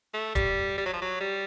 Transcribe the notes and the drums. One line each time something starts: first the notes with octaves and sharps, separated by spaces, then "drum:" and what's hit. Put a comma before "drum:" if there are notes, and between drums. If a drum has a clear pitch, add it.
A3
G3, drum: kick, hi-hat
G3
F#3
F3
F#3
G3